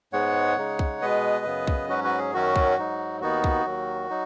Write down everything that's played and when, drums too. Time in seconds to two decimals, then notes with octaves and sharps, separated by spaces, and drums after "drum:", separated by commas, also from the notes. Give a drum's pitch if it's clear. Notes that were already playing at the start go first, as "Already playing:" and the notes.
0.13 G#2 G#3 B3 C#5 F#5
0.57 C#3 G#3 D#4
0.79 drum: kick B1
1.01 B2 G#3 B3 B4 D#5
1.45 F#2 C#3 B3
1.67 drum: kick B1
1.89 G#2 F#3 C#4 F#4 B4
2.04 F#4 B4
2.18 G#4
2.34 F#2 D#3 F#3 C#4 F#4
2.56 drum: kick B1
2.78 G#2 F#3 D#4
3.21 D#2 D#3 B3 D#4 F#4
3.44 drum: kick B1
3.66 D#2 D#3 F#3
4.10 F#3 D#4